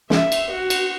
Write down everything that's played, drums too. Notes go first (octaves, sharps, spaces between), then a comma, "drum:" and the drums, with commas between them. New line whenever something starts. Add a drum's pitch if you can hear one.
E5, drum: snare
drum: cymbal
F#4
drum: cymbal